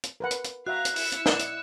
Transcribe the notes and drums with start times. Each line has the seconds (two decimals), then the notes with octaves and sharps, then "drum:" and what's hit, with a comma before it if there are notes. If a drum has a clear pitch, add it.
0.03 drum: hi-hat
0.20 A#4 B4 F#5
0.31 drum: hi-hat
0.44 drum: hi-hat
0.67 F#4 E5 F5 A#5 F#6
0.85 drum: hi-hat
0.96 E4 E6 C#7, drum: open hi-hat
1.12 drum: hi-hat
1.26 D5 D#5 F#5 E7, drum: snare
1.39 drum: hi-hat